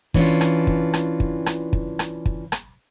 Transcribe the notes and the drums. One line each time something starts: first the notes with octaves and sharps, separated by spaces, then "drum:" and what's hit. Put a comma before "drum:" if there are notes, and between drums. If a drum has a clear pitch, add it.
E3 C#4 D4 F4, drum: kick
drum: rim click
drum: kick
drum: rim click
drum: kick
drum: rim click
drum: kick
drum: rim click
drum: kick
drum: rim click